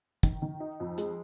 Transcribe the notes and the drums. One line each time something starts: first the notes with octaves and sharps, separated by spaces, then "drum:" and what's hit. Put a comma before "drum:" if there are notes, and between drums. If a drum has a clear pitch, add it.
D#3, drum: kick, hi-hat
D#3
D#4
F2
G#3, drum: hi-hat